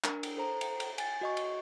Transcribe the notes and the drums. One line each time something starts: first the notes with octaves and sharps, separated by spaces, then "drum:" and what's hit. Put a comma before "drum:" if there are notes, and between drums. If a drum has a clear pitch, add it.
D4 A#4, drum: clap
drum: cymbal
A4 C5 A#5
drum: cymbal
drum: cymbal
G#5 A6, drum: cymbal
F#4 D#5 C#6
drum: cymbal